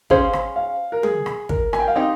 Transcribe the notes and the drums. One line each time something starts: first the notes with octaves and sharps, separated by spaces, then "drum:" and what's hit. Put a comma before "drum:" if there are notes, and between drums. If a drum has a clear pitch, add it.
C#4 G#4 C5 F5, drum: kick
drum: rim click
F5
A#4
G#4, drum: tom F#3
drum: rim click
A#4, drum: kick
G#5, drum: rim click
G5
F5
C4 D#4 G4 D#5